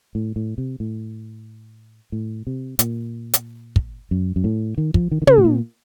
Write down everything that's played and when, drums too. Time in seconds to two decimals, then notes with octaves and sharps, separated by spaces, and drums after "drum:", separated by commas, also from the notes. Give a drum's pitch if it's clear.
0.15 A2
0.36 A2
0.58 C3
0.80 A2
2.12 A2
2.47 C3
2.79 A#2, drum: hi-hat
3.34 drum: hi-hat
3.76 drum: kick
4.11 F#2
4.36 F#2
4.44 A2
4.78 D#3
4.94 F3, drum: kick
5.11 D#3
5.22 D#3
5.27 C#3, drum: tom
5.38 A2
5.45 A#2